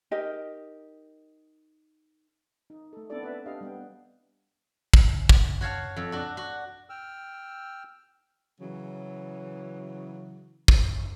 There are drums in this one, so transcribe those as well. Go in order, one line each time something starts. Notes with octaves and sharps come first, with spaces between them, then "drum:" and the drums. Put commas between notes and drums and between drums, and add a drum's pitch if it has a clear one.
D#4 G4 A#4 D#5
D#4
A3 A4
B3 C4 D4 E4 A4 D5
B4 D5 E5
D4 G4 D#5 F5
G3 B3 G5
drum: kick
drum: kick
F#4 C#5 F5 A5
F2
D4 F#4
F#4
G5 E6 F6
C#3 E3 F#3
drum: kick